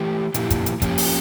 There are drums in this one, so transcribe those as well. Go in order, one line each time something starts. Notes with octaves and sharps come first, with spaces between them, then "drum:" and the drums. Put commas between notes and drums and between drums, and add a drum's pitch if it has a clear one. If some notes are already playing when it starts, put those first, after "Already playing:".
Already playing: E3 A3 G4
A#2 F3 A#3 E4 G4, drum: hi-hat
drum: kick, hi-hat
drum: hi-hat
F3 A#3 C#4 G4, drum: kick, hi-hat
drum: open hi-hat